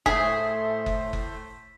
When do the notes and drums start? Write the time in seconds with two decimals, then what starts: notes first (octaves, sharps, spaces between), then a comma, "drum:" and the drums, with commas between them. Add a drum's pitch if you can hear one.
0.06 A2 A3 G#4 C5 E5 B6, drum: kick F#1
0.86 drum: kick F#1
1.13 drum: kick F#1